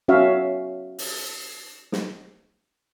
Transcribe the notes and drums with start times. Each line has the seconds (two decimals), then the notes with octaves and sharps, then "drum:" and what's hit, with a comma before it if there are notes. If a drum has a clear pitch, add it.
0.08 C#4 F#4 C#5 E5 F5
0.98 drum: open hi-hat
1.92 drum: snare